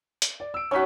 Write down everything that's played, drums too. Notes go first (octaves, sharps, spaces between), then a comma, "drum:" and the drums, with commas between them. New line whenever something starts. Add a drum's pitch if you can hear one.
drum: hi-hat
D5
E6 D7
C#4 D#4 F#4 C#5 C#6 B6